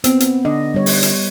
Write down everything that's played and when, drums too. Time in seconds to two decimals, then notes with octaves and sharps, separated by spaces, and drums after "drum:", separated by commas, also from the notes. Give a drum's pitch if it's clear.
0.04 B3 C4, drum: hi-hat
0.20 drum: hi-hat
0.45 D3 D#5
0.74 G3 C#5
0.86 drum: open hi-hat
1.03 drum: hi-hat